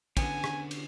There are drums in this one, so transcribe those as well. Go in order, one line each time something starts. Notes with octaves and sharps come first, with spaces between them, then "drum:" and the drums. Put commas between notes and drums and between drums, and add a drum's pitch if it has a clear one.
D3 B3 C#4 G#5, drum: kick, cymbal
drum: rim click
drum: cymbal